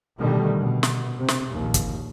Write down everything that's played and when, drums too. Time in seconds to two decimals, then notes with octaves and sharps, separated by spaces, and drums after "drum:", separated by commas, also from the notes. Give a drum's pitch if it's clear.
0.17 B2 D3 D#3 G3 A3
0.57 B2
0.83 drum: snare
1.18 C3
1.28 drum: snare
1.51 A#1 D#2
1.74 drum: kick, hi-hat